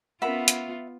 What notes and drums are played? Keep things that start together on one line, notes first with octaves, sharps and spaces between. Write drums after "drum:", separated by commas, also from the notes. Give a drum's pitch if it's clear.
B3 C#4 F4 A#4 E5 F#5 B5
drum: hi-hat